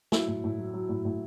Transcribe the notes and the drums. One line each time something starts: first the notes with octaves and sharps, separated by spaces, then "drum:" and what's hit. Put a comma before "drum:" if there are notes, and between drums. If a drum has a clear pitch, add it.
F#3 E4, drum: snare
A2
A2
F#3
F#3
A2
A2